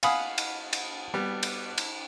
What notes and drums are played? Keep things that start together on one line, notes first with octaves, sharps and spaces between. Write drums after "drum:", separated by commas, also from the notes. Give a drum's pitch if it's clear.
F5 F#5 G#5 B5 D#6, drum: cymbal
drum: cymbal
drum: cymbal
G3 B3
drum: cymbal
drum: cymbal